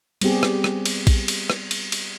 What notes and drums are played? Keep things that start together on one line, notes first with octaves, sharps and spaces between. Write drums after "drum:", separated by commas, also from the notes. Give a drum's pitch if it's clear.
G3 B3 C4 G4 G#4, drum: cymbal
drum: rim click
drum: rim click
drum: cymbal
drum: kick A#1, cymbal
drum: cymbal
drum: rim click
drum: cymbal
drum: cymbal